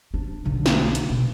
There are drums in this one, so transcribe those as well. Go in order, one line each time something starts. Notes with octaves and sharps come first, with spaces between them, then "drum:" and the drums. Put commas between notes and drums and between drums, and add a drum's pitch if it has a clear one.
D4
B1 D3
drum: snare
drum: hi-hat
B2